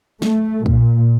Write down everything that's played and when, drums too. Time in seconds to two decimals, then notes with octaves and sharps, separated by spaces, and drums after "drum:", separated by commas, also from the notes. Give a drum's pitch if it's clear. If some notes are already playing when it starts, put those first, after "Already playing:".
0.22 A3, drum: snare
0.66 A#2, drum: kick